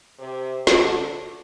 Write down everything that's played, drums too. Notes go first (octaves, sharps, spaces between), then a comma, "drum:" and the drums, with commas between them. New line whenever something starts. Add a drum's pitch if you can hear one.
C3
D3, drum: snare